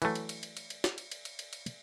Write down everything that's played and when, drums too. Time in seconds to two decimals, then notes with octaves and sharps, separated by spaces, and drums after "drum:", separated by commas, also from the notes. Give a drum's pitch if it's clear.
0.02 E3 F#3 A3, drum: cymbal
0.15 drum: cymbal
0.29 drum: cymbal
0.43 drum: cymbal
0.57 drum: cymbal
0.70 drum: cymbal
0.84 drum: snare
0.98 drum: cymbal
1.11 drum: cymbal
1.25 drum: cymbal
1.39 drum: cymbal
1.53 drum: cymbal
1.66 drum: cymbal